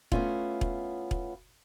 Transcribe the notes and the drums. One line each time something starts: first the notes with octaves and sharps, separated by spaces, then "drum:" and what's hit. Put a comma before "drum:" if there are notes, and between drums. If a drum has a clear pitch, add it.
A3 B3 C#4 E4 F4, drum: kick E1
drum: kick E1
drum: kick E1